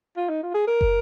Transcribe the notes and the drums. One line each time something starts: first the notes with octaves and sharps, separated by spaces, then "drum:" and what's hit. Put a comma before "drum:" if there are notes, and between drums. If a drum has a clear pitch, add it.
F4
D#4
F4
G#4
A#4
drum: kick